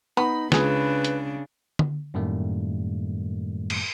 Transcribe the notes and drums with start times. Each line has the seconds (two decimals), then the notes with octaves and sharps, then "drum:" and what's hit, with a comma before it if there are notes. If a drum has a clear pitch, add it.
0.17 B3 D#4 B5
0.52 C#2 C#3 D4 G#4 B4, drum: snare
1.05 drum: hi-hat
1.79 drum: tom D3
2.14 F#2 A2 D#3 G3 A3 A#3
3.70 drum: cymbal